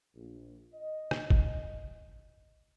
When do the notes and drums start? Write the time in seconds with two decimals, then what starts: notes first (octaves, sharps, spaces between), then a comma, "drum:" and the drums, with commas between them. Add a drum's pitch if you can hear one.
0.15 A#1
0.75 D#5
1.11 drum: rim click
1.30 drum: kick